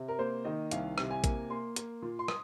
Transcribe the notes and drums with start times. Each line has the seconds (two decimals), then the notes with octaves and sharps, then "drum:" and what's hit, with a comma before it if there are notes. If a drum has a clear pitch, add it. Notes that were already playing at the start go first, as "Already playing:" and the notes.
Already playing: C3
0.08 A#4
0.19 A#3 C5
0.45 D#3 D#5
0.71 C2 F5, drum: hi-hat
0.98 C3, drum: rim click
1.11 G#5
1.24 A#3, drum: kick A1, hi-hat
1.50 A#3 C6
1.76 A#3, drum: hi-hat
2.02 A#2
2.19 C6
2.28 D#6, drum: rim click